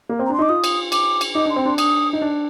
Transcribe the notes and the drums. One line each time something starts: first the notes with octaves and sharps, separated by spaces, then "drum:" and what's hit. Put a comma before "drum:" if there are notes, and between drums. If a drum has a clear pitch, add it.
A#3
C4
A#5
D4 C6
D#4 D6
F4 D#6
drum: cymbal
D6, drum: cymbal
drum: cymbal
D#4 D6
D4 C6
C4
D4 C6
D#6, drum: cymbal
D#4
D4